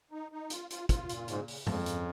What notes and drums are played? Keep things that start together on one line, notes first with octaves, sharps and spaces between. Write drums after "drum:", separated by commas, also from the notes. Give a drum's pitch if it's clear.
D#4
D#4
F4, drum: hi-hat
F4, drum: hi-hat
F4, drum: kick, hi-hat
A#2, drum: hi-hat
G#2 C#3, drum: hi-hat
C#3, drum: open hi-hat
F2 C#3, drum: tom G2
C#3, drum: hi-hat